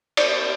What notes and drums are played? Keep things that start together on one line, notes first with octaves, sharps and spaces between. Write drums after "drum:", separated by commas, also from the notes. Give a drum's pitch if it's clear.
D5, drum: cymbal